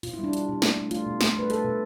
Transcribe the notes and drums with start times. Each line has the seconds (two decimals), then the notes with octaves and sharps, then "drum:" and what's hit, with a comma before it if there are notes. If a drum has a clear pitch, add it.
0.03 B2 F4, drum: open hi-hat
0.14 E4
0.18 G3
0.24 D4
0.33 G3, drum: hi-hat
0.48 B2
0.62 B2, drum: snare
0.77 A3
0.91 A3 F4, drum: hi-hat
1.06 B2
1.21 B2, drum: snare
1.35 A3 B4
1.50 A3 A4, drum: hi-hat
1.65 B2